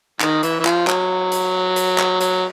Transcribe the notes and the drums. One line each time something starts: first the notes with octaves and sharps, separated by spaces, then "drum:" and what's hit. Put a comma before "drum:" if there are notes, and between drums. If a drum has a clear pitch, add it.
D#3, drum: clap
E3, drum: hi-hat
E3
F3, drum: clap
F#3, drum: clap
drum: hi-hat
drum: hi-hat
drum: clap
F#3, drum: hi-hat